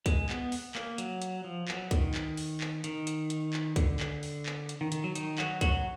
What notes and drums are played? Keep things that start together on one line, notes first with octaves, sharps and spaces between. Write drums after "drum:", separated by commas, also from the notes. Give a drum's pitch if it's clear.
G#3, drum: kick, hi-hat
B3, drum: clap
drum: open hi-hat
A#3, drum: clap
F#3, drum: hi-hat
drum: hi-hat
F3
F#3, drum: clap
D#3, drum: kick, hi-hat
drum: clap
drum: open hi-hat
drum: clap
D#3, drum: hi-hat
drum: hi-hat
drum: hi-hat
drum: clap
D3, drum: kick, hi-hat
drum: clap
drum: open hi-hat
drum: clap
drum: hi-hat
D#3
D#3, drum: hi-hat
F#3
D#3 D#4, drum: hi-hat
F#3 F#4, drum: clap
F#3 F#4, drum: kick, hi-hat